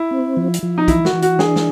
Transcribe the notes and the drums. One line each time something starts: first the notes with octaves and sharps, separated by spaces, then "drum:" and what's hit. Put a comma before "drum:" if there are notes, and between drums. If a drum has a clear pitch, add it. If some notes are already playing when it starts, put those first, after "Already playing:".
Already playing: E4
C4
F3
drum: hi-hat
F3
D#4
E3 E4, drum: kick, hi-hat
F#4, drum: snare
E3
F#4, drum: hi-hat
D4 G#4, drum: snare
drum: snare